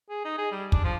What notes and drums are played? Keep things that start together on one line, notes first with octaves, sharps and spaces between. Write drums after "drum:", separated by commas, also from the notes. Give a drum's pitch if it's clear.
G#4
D#4
G#4
G3
D4, drum: kick
F3